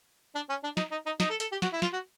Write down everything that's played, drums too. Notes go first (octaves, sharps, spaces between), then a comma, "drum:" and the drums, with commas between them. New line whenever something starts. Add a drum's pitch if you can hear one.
D4
C#4
D4
D#4, drum: snare
D#4
D#4
D#4, drum: snare
A4
A4, drum: hi-hat
G4
F#4, drum: snare
E4
F4, drum: snare
F#4